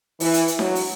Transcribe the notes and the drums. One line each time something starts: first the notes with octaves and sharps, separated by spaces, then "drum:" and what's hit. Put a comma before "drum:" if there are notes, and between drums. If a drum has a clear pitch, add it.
E3, drum: open hi-hat
drum: hi-hat
drum: hi-hat
F#3, drum: snare D4
drum: open hi-hat